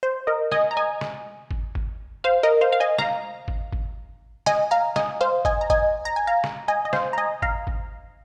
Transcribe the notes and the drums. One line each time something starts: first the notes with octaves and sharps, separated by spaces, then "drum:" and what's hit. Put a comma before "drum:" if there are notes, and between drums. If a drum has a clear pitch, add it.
C5
A#4 D#5
D#5 G#5, drum: snare
A#5
D#5 G#5
drum: snare
drum: kick G1
drum: kick G1
C5 F5
A#4 D#5
C5 F5
F5
D#5 G#5
F5 A#5, drum: snare
drum: kick G1
drum: kick G1
D#5 G#5, drum: snare
F5 A#5
D#5 G#5, drum: snare
C5 F5
D#5 G#5, drum: kick G1
A#5
D#5 G#5, drum: kick G1
A#5
G#5
F5 A#5
drum: snare
D#5 G#5
D#5
C5 F5, drum: snare
A#5
D#5 G#5
F5 A#5, drum: kick G1
drum: kick G1